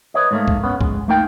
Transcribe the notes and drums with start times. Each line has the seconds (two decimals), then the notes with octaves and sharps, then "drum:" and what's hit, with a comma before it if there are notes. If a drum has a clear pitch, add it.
0.14 B4 C#5 D#5
0.31 G#2 A3 A#3
0.48 drum: kick C2
0.64 B3 C#4
0.81 G#3, drum: kick C2
1.08 A3 A#3 D#4 A#4 G5